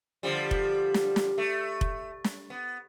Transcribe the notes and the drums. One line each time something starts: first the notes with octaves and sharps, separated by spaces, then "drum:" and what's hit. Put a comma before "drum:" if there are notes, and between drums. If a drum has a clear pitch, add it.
D3 F3 G3
drum: kick F1
drum: snare
drum: snare
A3
drum: kick F1
drum: snare
B3